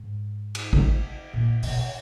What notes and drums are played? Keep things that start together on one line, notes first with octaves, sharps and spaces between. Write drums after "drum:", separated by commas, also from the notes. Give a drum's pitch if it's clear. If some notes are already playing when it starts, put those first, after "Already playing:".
Already playing: G#2
drum: cymbal
drum: kick
A#2
B2, drum: open hi-hat